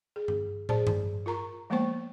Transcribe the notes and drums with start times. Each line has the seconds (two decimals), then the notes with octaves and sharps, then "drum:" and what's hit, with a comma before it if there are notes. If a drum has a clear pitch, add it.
0.16 G#4
0.28 drum: tom G2
0.69 G#4 C5 D5 A5, drum: tom
0.87 drum: tom G2
1.26 F4 A#4 A#5 C#6
1.70 F3 G#3 A#3 B3 C5 C#6